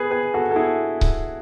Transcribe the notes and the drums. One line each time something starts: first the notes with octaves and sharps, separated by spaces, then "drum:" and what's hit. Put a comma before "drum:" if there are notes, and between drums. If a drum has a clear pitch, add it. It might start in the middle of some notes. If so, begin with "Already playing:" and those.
Already playing: G#4 B4
G#4 B4
F#4 A4
A4
E4 G#4
drum: kick C#1